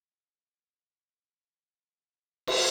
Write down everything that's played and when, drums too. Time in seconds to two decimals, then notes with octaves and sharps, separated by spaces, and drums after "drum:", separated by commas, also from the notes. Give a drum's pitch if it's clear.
0.13 B2 F#3 C#4
0.51 F3 F#3 D5
0.96 B2 G5
1.85 F#3 F4 A4
2.47 drum: cymbal